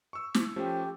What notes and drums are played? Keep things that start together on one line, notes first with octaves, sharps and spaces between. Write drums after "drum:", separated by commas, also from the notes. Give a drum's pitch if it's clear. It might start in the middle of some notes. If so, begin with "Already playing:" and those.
C#6 E6
drum: snare
F3 A3 C#4 G4